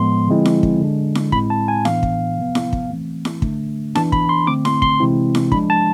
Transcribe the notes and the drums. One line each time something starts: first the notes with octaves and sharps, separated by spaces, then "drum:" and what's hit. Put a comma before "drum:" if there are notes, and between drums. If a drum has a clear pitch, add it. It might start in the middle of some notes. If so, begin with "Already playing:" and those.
Already playing: A2 F3 G#3 B3 C6
D3 F3 G#3 C4 E4
drum: snare E4
drum: kick
D3 G#3 D4
drum: snare E4
A2 G#3 C4 E4 B5, drum: kick
A5
G#5
A2 E3 B3 D4 F5, drum: snare E4
drum: kick
C3 F3 B3
drum: snare E4
drum: kick
E3 A3 C4
drum: snare E4
D3 A3 D4, drum: kick
E3 B3 D4 A5, drum: snare E4
B5, drum: kick
C6
D3 A3 C4 D6
C6, drum: snare E4
C6, drum: kick
C3 E3 G#3 C4 E4
drum: snare E4
F3 G#3 D4 B5, drum: kick
A5